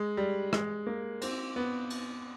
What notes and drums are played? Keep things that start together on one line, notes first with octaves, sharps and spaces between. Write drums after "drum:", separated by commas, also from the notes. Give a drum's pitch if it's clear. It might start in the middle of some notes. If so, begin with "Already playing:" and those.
Already playing: G#3
G3
G#3, drum: rim click
A#3
C4, drum: cymbal
B3
drum: cymbal